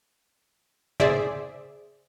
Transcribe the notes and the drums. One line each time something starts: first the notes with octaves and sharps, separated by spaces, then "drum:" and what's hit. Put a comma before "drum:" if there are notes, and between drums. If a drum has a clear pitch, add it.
G#4 C5 D5 E5, drum: tom C#3